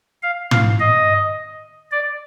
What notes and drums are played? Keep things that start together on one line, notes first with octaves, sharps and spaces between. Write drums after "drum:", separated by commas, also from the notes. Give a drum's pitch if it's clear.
F5
F5, drum: tom
D#5
D5